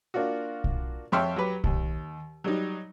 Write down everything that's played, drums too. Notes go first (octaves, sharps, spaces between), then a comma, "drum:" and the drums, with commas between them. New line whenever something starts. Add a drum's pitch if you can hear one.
A#3 D4 F4 F#4
drum: kick B1
F2 C#5 E5 G5 C6 F6
F#3 G4 B4
D#2, drum: kick B1
F#3 G3 D#4